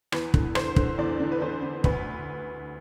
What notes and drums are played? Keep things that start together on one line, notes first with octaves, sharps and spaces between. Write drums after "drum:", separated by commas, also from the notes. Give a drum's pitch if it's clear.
E2 B4, drum: rim click
D3, drum: kick
E2 C5, drum: rim click
D3, drum: kick
E2 D5
D3
B4
E2 C5
D3
D2 B4, drum: kick